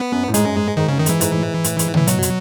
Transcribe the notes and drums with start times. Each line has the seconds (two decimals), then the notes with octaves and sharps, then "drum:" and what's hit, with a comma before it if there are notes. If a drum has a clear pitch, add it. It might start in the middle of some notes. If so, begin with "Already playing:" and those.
Already playing: B3
0.12 F#2
0.28 A2
0.34 G#2 G#3, drum: hi-hat
0.45 F#2
0.55 G#2
0.66 G#2
0.77 G#2 D#3
0.88 F#2 C#3
0.98 D#3
1.06 G#2 E3, drum: hi-hat
1.21 G#2, drum: hi-hat
1.32 A2
1.43 G#2
1.64 A2, drum: hi-hat
1.79 G#2, drum: hi-hat
1.94 A2 E3, drum: tom
2.07 B2 F#3, drum: hi-hat
2.22 drum: hi-hat